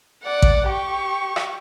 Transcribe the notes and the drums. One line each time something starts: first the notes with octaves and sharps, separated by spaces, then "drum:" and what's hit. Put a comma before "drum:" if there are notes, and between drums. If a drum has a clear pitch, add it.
D5 F#5
drum: kick A1
G4 C#6
drum: rim click